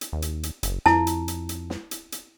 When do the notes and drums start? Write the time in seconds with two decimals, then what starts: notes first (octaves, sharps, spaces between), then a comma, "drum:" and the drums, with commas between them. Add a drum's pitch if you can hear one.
0.01 drum: hi-hat
0.12 D#2
0.22 drum: hi-hat
0.43 drum: hi-hat
0.63 F#1, drum: hi-hat
0.86 F2 E4 A5, drum: snare
1.07 drum: hi-hat
1.28 drum: hi-hat
1.49 drum: hi-hat
1.70 drum: snare
1.91 drum: hi-hat
2.12 drum: hi-hat